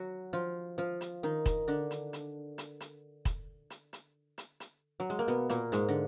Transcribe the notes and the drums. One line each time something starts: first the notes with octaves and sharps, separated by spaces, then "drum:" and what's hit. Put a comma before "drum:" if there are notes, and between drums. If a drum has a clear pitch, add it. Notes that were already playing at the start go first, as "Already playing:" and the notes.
Already playing: F#3 F#4
F3 F4
F3 F4
drum: hi-hat
D#3 D#4
drum: kick, hi-hat
D3 D4
drum: hi-hat
drum: hi-hat
drum: hi-hat
drum: hi-hat
drum: kick, hi-hat
drum: hi-hat
drum: hi-hat
drum: hi-hat
drum: hi-hat
F#3
G#3
A#3
B2 B3
A#2 A#3, drum: hi-hat
G#2 G#3, drum: hi-hat
D3